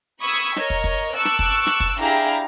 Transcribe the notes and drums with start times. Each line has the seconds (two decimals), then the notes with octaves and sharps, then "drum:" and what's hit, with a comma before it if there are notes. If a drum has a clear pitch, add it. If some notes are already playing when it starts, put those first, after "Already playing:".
0.22 B5 C#6 D#6 E6 G#6 B6
0.56 A#4 C#5 D#5, drum: snare
0.70 drum: kick
0.84 drum: kick
1.14 A5 C#6 D6 E6 F#6
1.25 drum: snare
1.39 drum: kick
1.67 drum: snare
1.80 drum: kick
2.01 D4 E4 G4 G#4 F5 A#5